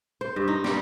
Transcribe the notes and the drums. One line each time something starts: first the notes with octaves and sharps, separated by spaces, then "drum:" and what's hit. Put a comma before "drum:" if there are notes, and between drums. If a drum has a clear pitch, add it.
C5
G2
D#4
G3, drum: snare